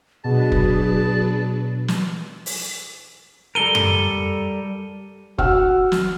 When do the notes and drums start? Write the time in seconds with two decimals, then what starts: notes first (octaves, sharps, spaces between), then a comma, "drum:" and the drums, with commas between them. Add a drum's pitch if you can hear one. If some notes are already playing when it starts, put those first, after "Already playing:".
0.25 B2 F#3 D4 G#4 B4 A5
0.52 drum: kick
1.88 drum: snare
2.46 drum: open hi-hat
3.55 G3 A4 A#4 D#7 G7
3.75 drum: tom F#2
5.38 F#4 F#5 E6 F6, drum: kick
5.92 drum: snare